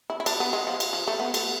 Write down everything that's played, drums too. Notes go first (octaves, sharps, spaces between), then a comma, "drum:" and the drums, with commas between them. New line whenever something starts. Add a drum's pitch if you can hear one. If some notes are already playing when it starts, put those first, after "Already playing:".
E4
E4
D4, drum: cymbal
B3
G#3
F3
drum: cymbal
F3
A3
B3
A3, drum: cymbal